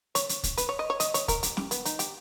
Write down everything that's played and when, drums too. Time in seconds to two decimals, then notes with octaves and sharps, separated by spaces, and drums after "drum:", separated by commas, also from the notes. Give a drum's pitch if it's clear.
0.15 C#5, drum: hi-hat
0.29 drum: hi-hat
0.43 drum: kick, hi-hat
0.57 B4, drum: hi-hat
0.69 C#5
0.79 D#5
0.90 C#5
1.00 D#5, drum: hi-hat
1.14 C#5, drum: hi-hat
1.28 A#4, drum: kick, hi-hat
1.43 G4, drum: hi-hat
1.57 G4, drum: snare
1.71 B3, drum: hi-hat
1.85 D#4, drum: hi-hat
1.99 G4, drum: hi-hat